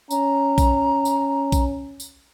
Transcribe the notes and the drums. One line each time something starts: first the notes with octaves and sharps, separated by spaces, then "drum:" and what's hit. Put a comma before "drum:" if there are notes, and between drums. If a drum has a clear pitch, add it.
C#4 A#5, drum: tambourine
drum: kick A#1, tambourine
drum: tambourine
drum: kick A#1, tambourine
drum: tambourine